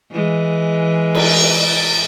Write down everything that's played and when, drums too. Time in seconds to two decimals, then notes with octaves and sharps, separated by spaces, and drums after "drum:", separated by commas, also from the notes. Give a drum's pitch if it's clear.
0.12 E3 G#3
1.15 drum: cymbal